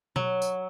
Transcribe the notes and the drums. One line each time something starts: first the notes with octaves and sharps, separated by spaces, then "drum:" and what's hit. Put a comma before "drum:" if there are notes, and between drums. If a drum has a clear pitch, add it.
F#3, drum: tom B2
drum: tambourine